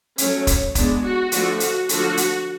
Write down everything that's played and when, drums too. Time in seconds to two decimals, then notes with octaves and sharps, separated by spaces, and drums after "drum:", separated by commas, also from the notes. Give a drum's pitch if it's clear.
0.18 F#3 A3 C#4 C#5, drum: hi-hat
0.47 drum: kick, hi-hat
0.75 G#3 B3 D4, drum: kick, hi-hat
1.04 F#4
1.32 D3 F3 A3 F#4, drum: hi-hat
1.60 F#4, drum: hi-hat
1.89 D3 F3 A3 F#4, drum: hi-hat
2.17 drum: hi-hat